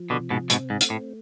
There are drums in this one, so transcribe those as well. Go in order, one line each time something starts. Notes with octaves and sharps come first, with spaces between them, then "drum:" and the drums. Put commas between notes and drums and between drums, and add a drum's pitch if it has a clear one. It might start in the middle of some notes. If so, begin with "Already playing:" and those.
Already playing: F3
B2 D3
C3
G#2 B2
G#2 B2 C4, drum: hi-hat
G#2
A3, drum: hi-hat
A2